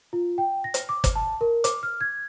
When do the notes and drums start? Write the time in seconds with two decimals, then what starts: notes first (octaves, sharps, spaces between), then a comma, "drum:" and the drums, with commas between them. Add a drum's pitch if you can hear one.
0.13 F4
0.38 G5
0.64 A#6
0.74 drum: hi-hat
0.89 D6
1.04 drum: kick, hi-hat
1.15 A5
1.41 A#4
1.64 D6, drum: hi-hat
1.83 F6
2.01 G#6